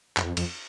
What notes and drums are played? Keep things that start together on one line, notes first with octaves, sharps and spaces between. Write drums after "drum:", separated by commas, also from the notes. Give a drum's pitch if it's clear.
F#2, drum: clap
E2
F2
F2, drum: cymbal